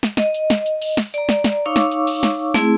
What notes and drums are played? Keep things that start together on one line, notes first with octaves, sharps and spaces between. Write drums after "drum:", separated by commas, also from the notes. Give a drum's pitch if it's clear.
drum: snare
D#5, drum: snare
drum: hi-hat
drum: snare
drum: hi-hat
drum: open hi-hat
drum: snare
D5 A#5, drum: hi-hat
drum: snare
drum: snare
D#4 C#5 F5 C#6 D6 E6
drum: snare
drum: hi-hat
drum: open hi-hat
drum: snare
A3 C4 E4 G#4, drum: snare